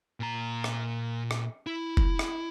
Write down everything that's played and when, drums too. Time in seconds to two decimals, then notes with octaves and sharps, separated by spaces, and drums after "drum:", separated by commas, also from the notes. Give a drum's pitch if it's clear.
0.20 A#2 A#5
0.64 drum: rim click
1.31 drum: rim click
1.67 E4
1.97 drum: kick
2.19 drum: rim click